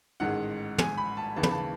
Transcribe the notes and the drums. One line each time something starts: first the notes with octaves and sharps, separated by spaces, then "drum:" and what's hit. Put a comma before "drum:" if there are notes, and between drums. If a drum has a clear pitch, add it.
A1 G#2 D#3 G#3 F#5
G#5, drum: tom
B5
A5
D#2 C#3 E3 A5
B5, drum: tom
A5